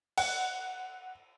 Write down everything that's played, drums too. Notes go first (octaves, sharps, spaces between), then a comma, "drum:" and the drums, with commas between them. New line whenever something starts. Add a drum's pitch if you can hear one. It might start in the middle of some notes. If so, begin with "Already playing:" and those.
F#5, drum: cymbal